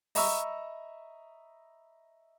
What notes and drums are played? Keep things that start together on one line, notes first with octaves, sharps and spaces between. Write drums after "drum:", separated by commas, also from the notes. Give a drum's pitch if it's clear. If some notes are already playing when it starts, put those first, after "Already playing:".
D#5 E5 A#5 B5 C#6 E6, drum: open hi-hat